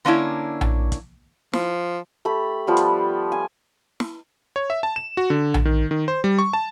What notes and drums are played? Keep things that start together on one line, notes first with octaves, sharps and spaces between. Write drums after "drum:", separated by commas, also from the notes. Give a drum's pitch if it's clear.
D3 A#3 C#4 D4 E4
drum: tom A#1
drum: kick, hi-hat
F3, drum: snare
A3 G4 B5
F3 G3 B3
drum: hi-hat
G#5
drum: snare
C#5
E5
A5
E7
F#4
D3
drum: tom A#1
D#3
D#3
C5
G3
C#6
A5